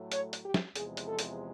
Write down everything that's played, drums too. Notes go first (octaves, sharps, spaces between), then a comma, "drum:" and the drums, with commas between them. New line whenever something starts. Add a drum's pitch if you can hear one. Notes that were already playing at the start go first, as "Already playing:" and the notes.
Already playing: A2 F#3 A3
C#5, drum: hi-hat
drum: hi-hat
G4
drum: snare
E2 C3 F3 G#3 G#4, drum: hi-hat
drum: hi-hat
A4
drum: hi-hat